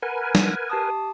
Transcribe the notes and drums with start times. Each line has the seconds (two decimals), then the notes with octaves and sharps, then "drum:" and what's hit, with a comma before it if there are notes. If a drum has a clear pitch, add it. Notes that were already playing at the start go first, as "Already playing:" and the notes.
0.02 A#4 B4 F#5 G#5
0.35 drum: snare
0.70 G4 A5 D#6